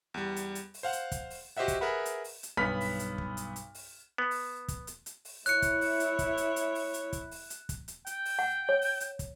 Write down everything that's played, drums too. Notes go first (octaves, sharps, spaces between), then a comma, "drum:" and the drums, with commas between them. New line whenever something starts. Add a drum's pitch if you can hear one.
E2 G3
drum: hi-hat
drum: hi-hat
drum: open hi-hat
C5 F5 F#5
drum: hi-hat
drum: kick, hi-hat
drum: open hi-hat
F#4 G4 C5 D#5 E5 F#5
drum: kick, hi-hat
G#4 A#4 B4 E5 F#5 B5
drum: hi-hat
drum: open hi-hat
drum: hi-hat
B1 G2 B3 B5 F6 B6
drum: open hi-hat
drum: hi-hat
drum: kick
drum: hi-hat
drum: hi-hat
drum: open hi-hat
B3
drum: open hi-hat
drum: kick, hi-hat
drum: hi-hat
drum: hi-hat
drum: open hi-hat
E4 C#5 F#6 C#7, drum: hi-hat
drum: kick, hi-hat
drum: open hi-hat
drum: hi-hat
drum: kick, hi-hat
drum: hi-hat
drum: hi-hat
drum: open hi-hat
drum: hi-hat
drum: kick, hi-hat
drum: open hi-hat
drum: hi-hat
drum: kick, hi-hat
drum: hi-hat
G5, drum: hi-hat
drum: open hi-hat
F#5
C#5
drum: open hi-hat
drum: hi-hat
drum: kick, hi-hat